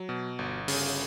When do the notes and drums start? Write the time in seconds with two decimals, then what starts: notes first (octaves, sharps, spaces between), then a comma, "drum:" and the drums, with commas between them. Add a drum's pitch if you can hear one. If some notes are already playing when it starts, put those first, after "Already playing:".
Already playing: F#3
0.09 B2
0.39 G1
0.68 C#3, drum: open hi-hat